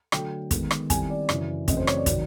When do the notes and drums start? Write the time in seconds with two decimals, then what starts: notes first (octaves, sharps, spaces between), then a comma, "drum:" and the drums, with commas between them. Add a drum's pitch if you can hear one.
0.12 D3 F#3 A3 G5, drum: rim click
0.51 D#3 G#3 B3, drum: kick, hi-hat
0.71 drum: rim click
0.90 D#3 G3 C4 E4 G#5, drum: kick, hi-hat
1.10 D5
1.29 F#2 C#3 E3, drum: rim click
1.68 F#2 C#3 E3 A3 C4 D#5, drum: kick, hi-hat
1.77 C5
1.87 C#5, drum: rim click
1.97 D5
2.06 C3 D#3 F#3, drum: kick, hi-hat